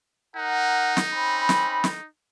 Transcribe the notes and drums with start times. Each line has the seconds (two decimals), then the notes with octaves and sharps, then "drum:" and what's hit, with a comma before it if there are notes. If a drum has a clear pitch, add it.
0.36 D#4 A#4 F#5
0.97 drum: snare
1.14 C4 C#4 B5
1.49 drum: snare
1.84 drum: snare